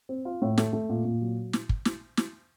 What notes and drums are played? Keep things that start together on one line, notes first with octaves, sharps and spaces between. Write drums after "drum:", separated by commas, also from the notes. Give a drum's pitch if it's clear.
C4
F4
A2
A3, drum: snare
A3
A#2
A#2
F#3
drum: snare
drum: kick
drum: snare
drum: snare